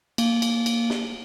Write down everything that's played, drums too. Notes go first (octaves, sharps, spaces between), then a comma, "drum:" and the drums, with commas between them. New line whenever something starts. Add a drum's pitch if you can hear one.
A#3, drum: cymbal
drum: cymbal
drum: cymbal
drum: snare